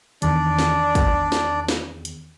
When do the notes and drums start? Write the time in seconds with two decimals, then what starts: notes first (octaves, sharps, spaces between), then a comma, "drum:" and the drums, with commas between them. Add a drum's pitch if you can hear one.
0.22 E2 D#3 D4 D5, drum: hi-hat
0.59 drum: snare
0.95 drum: kick, hi-hat
1.32 drum: snare
1.68 drum: snare
2.05 drum: hi-hat